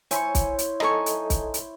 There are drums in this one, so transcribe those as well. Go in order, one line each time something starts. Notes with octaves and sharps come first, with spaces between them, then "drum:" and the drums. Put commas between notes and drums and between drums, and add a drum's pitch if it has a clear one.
E4 C5 C#5 G#5 B5 C#6, drum: hi-hat
drum: kick, hi-hat
drum: hi-hat
D#4 A4 D#5 G#5 B5 C#6, drum: rim click
drum: hi-hat
drum: kick, hi-hat
drum: hi-hat